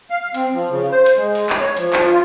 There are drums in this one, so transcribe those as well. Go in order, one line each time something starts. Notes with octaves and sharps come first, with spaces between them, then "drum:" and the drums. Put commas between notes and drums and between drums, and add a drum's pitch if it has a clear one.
F5
C4, drum: hi-hat
F3
C#3
C5
drum: hi-hat
G#3
drum: open hi-hat
drum: clap
C#5
F3, drum: hi-hat
drum: clap
F4